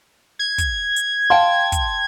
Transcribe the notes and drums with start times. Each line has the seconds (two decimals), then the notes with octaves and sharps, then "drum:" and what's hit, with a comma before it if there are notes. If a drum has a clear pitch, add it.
0.39 G#6
0.58 drum: kick, hi-hat
0.96 drum: hi-hat
1.30 F5 G5 A5 C6
1.72 drum: kick, hi-hat